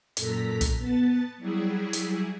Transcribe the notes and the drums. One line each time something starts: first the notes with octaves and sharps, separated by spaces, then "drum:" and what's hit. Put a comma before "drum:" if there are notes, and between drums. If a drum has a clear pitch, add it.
F#2 A#2 A4 A#5 B6, drum: hi-hat
drum: kick, hi-hat
B3 A5 A6
F#3 G3 E4 G#4
drum: hi-hat